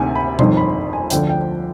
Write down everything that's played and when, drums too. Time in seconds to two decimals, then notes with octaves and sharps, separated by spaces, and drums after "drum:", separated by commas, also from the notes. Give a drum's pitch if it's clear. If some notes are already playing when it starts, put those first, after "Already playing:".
Already playing: D2 C3 D#3 G#5
0.15 B5
0.39 G1 F2 D#3 C6, drum: tom B2
0.57 B5
0.93 G#5
1.10 D2 D3 F3 G5, drum: hi-hat
1.29 G5